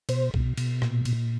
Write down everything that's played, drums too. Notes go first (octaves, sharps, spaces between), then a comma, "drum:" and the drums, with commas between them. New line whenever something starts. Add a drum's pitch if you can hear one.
B2 C5, drum: cymbal
B2, drum: kick B1
B2, drum: cymbal
A#2, drum: rim click
A#2, drum: cymbal